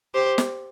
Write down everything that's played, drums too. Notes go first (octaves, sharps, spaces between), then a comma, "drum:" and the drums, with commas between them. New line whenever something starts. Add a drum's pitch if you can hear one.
G4 C5
drum: snare